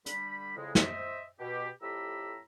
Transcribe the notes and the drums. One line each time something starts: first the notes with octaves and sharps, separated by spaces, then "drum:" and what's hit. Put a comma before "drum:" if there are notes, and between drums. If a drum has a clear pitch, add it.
D3 G3 B5, drum: hi-hat
F2 A2 C#3 G#3
C5 D#5 E5, drum: snare
B2 G4
F2 A2 G4 A#5 B5 E6